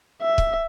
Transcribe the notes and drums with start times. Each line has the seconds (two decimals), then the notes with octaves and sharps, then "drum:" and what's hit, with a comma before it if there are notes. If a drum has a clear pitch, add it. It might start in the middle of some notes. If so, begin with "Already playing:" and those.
0.22 E5
0.38 drum: kick